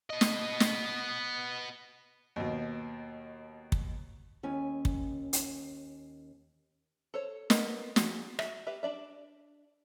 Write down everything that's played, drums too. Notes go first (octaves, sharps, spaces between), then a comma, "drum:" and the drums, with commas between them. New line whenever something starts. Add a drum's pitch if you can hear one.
B3 D#5
drum: snare
drum: snare
D#2 B2
drum: kick
D#2 C#4 G#5
drum: kick
drum: hi-hat
A4 C5 C#5
A#4 B4 D#5 F#5, drum: snare
F3 G#3 F#4, drum: snare
F#4 E5, drum: rim click
G4 B4 E5
D4 D5 E5